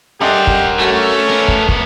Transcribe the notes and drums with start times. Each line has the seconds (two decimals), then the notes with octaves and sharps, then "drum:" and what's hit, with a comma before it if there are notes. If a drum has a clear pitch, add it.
0.21 G#3 A3 D4 G4 A#4 F#5
0.47 drum: kick
0.79 A3 C#4 F#4
1.28 B3 A#4
1.48 drum: kick
1.68 drum: kick